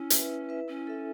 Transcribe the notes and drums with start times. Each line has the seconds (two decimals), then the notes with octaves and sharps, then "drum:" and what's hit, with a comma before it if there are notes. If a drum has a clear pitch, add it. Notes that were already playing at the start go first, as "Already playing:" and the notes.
Already playing: C#4 E4
0.10 B4 E5, drum: hi-hat
0.29 E4
0.49 B4 E5
0.68 C#4 E4
0.87 A4 E5